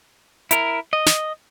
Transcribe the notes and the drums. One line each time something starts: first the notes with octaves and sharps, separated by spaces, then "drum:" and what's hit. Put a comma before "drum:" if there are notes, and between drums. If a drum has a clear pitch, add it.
E4 A#4, drum: hi-hat
D#5
drum: snare